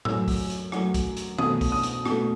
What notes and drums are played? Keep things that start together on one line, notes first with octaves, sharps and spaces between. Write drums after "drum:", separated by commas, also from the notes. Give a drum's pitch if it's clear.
F#2 F#3 A3 E6, drum: tom A2
drum: kick, open hi-hat
drum: hi-hat
F#2 F#3 A3, drum: rim click
drum: kick, hi-hat
drum: hi-hat
B2 A3 D#6, drum: tom
drum: kick, open hi-hat
D#6
drum: hi-hat
B2 A3, drum: rim click